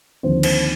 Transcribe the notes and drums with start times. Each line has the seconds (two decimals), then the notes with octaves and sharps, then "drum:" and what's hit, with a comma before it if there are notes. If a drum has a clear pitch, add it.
0.23 D#2 D3 F3 C4 C5
0.43 C5, drum: cymbal